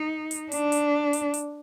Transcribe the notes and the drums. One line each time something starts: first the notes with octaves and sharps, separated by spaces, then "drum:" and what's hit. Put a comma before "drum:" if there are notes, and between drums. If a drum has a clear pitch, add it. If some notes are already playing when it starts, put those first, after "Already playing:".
Already playing: D#4
drum: hi-hat
D4, drum: hi-hat
drum: hi-hat
drum: hi-hat
drum: hi-hat